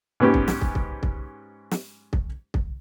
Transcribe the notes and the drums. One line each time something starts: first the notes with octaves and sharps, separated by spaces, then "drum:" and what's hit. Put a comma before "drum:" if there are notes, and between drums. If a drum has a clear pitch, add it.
G#2 B3 C#4 G4
drum: kick
drum: snare
drum: kick
drum: kick
drum: kick
drum: snare
drum: kick
drum: kick